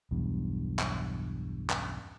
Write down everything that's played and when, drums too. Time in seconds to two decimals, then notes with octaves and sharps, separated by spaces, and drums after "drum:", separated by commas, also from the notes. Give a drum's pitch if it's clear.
0.11 B1 E2 G2
0.79 drum: clap
1.70 drum: clap